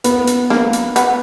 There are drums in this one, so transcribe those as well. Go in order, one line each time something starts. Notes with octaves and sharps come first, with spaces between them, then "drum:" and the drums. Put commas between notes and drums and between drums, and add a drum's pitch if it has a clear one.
B3, drum: hi-hat
drum: hi-hat
A#3, drum: snare
drum: hi-hat
B3, drum: hi-hat